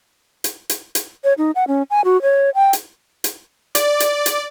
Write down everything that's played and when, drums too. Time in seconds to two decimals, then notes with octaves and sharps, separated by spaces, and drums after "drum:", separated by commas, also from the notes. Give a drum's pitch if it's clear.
0.44 drum: hi-hat
0.70 drum: hi-hat
0.95 drum: hi-hat
1.24 C#5
1.38 D#4
1.55 F#5
1.68 C#4
1.90 G#5
2.05 F#4
2.22 C#5
2.55 G5
2.73 drum: hi-hat
3.24 drum: hi-hat
3.75 D5, drum: hi-hat
4.00 drum: hi-hat
4.26 drum: hi-hat